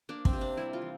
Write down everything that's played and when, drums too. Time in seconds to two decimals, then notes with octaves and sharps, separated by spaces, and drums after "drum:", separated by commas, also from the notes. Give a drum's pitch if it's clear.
0.09 A#3 D4
0.25 C4, drum: kick
0.33 C3
0.41 D4
0.57 G3 E4
0.73 F4
0.82 E3